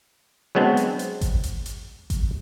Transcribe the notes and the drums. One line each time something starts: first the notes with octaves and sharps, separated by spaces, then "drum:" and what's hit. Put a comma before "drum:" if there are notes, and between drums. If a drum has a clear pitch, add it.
F#3 G#3 B3 C4 D4
drum: hi-hat
drum: hi-hat
drum: kick G#1, hi-hat
drum: hi-hat
drum: hi-hat
drum: kick G#1, hi-hat